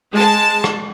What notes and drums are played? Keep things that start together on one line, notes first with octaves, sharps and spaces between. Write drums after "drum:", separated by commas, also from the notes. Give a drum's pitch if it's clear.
G#3 A5
drum: rim click